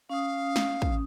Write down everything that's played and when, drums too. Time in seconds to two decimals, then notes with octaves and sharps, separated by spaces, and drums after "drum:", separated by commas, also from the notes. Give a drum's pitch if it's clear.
0.10 C#4 F5 D#6
0.56 drum: snare
0.82 drum: kick